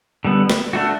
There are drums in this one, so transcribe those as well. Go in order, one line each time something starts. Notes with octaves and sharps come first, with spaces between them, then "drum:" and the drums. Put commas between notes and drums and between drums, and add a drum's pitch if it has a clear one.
D3 G3 B3
drum: snare
A3 D4 F#4